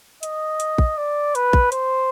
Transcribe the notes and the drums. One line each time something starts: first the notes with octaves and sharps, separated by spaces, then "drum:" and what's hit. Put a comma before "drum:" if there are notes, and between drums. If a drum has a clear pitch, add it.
D#5, drum: hi-hat
drum: hi-hat
drum: kick
D5
B4, drum: hi-hat
drum: kick
C5, drum: hi-hat